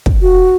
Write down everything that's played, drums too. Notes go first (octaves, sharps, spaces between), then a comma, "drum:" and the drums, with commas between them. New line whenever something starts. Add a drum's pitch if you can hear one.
drum: kick
F#4